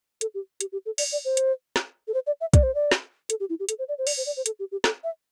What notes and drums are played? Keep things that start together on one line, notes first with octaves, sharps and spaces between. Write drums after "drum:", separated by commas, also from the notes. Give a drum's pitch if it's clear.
A4, drum: hi-hat
G4
G4, drum: hi-hat
G4
A4
D5, drum: open hi-hat
D5
C5
drum: hi-hat
drum: snare
A4
C5
D5
E5
D5, drum: kick, hi-hat
C5
D5
drum: snare
A4, drum: hi-hat
G4
E4
G4
A4, drum: hi-hat
C5
D5
C5
D5, drum: open hi-hat
C5
D5
C5
A4, drum: hi-hat
G4
G4
A4, drum: snare
E5